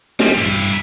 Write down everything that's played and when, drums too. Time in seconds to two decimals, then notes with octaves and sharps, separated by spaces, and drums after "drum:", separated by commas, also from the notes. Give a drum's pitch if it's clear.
0.19 G3, drum: snare
0.38 G2 E4